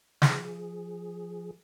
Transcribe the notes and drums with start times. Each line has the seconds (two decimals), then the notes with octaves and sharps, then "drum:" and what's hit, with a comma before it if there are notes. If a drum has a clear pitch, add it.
0.22 F3 G#4, drum: snare